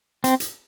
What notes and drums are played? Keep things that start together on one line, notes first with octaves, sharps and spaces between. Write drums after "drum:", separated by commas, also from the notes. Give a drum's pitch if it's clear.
C4, drum: hi-hat
drum: hi-hat